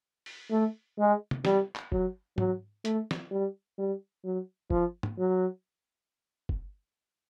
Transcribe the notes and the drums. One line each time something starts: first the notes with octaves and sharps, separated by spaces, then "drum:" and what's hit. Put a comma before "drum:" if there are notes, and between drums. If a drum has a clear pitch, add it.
drum: open hi-hat
A3
G#3
drum: tom
G3, drum: snare
drum: clap
F#3, drum: kick
F#3, drum: tom
A3, drum: hi-hat
drum: snare
G3
G3
F#3
F3, drum: kick
drum: tom
F#3
drum: kick